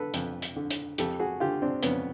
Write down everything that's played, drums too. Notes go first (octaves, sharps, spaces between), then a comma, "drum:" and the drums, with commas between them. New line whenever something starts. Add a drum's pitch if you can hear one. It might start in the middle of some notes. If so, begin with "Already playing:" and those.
Already playing: D3 A4 B4
F2, drum: hi-hat
drum: hi-hat
D3
drum: hi-hat
F2 G4 A4, drum: hi-hat
F#4 G#4
D3 F4 G4
C4 D4
F2 B3 C#4, drum: hi-hat